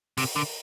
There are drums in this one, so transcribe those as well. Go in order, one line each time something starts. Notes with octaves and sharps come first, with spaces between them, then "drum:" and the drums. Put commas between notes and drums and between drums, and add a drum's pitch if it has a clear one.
C3, drum: open hi-hat
D3